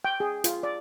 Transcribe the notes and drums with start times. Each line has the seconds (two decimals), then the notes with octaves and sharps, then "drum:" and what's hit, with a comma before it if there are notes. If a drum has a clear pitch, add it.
0.04 G5
0.20 G#4
0.44 F4, drum: hi-hat
0.63 D5